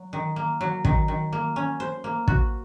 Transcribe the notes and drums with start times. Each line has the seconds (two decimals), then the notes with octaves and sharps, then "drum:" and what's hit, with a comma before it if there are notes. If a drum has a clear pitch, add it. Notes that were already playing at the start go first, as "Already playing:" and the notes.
Already playing: F#3
0.13 D#3
0.36 A#3
0.61 F#3
0.85 D#3, drum: kick
1.08 D#3
1.33 A#3
1.56 C#4
1.80 C5
2.04 A#3
2.28 F#4, drum: kick